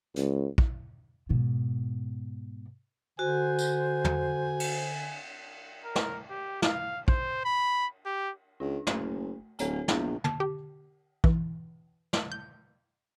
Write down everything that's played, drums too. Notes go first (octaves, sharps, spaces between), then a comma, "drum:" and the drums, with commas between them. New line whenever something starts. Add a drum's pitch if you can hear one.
C#2, drum: hi-hat
drum: kick
G#2 B2
D3 F#4 C5 G#5
drum: tambourine
drum: tom
drum: cymbal
A#4
drum: snare
G4
F5, drum: snare
C5, drum: kick
B5
G4
C#2 D4
F#1 A3, drum: snare
D1 A4 C#5 G#5, drum: hi-hat
A#1 B3, drum: snare
A5, drum: tom
G4
E3, drum: kick
drum: snare
G6